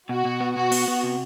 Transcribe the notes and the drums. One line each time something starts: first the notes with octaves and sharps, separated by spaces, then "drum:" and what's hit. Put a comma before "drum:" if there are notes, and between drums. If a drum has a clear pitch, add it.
B2 F#4
B2
B3
B2 F#4
B3, drum: open hi-hat
B3
C3